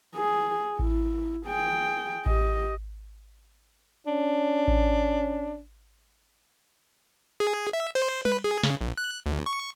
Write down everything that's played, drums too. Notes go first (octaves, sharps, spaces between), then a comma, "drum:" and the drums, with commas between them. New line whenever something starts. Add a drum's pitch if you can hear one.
G#4
E4, drum: kick A1
G#4 G5
G4 D#5, drum: kick A1
C#4 D4
drum: kick A1
G#4
E5
C5, drum: cymbal
B4, drum: tom G3
G#4
C#3, drum: snare
A#1
F#6
D2
C#6